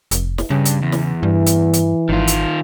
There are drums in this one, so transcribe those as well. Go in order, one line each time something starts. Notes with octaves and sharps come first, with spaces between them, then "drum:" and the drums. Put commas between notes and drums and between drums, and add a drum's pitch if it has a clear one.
F1, drum: hi-hat
drum: snare
G2 C#3
drum: hi-hat
E2
drum: snare
G2 E3
drum: hi-hat
drum: hi-hat
G#1 D#3 F4
drum: hi-hat